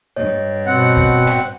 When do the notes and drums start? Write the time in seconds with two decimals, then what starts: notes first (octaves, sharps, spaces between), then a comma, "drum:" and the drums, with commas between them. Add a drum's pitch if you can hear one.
0.16 G2 C#5 D#5
0.66 B2 C4 F#5 F#6
0.97 drum: kick
1.27 drum: snare